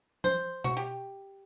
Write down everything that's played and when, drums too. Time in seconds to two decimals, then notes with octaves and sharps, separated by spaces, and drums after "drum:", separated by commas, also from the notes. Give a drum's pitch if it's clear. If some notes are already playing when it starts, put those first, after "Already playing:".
0.24 C5, drum: tom F3
0.64 F#4, drum: tom B2
0.77 G4